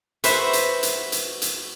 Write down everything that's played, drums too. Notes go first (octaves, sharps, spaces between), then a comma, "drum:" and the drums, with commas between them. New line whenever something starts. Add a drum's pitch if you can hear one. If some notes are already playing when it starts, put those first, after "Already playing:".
F#4 B4 C5 E5 F#5, drum: hi-hat
drum: hi-hat
drum: hi-hat
drum: hi-hat
drum: hi-hat